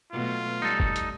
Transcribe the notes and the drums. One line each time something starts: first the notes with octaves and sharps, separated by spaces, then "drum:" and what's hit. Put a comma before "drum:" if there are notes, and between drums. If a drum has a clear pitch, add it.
B2 F#3 A3 F4
G3 D#4 A4
drum: kick
drum: hi-hat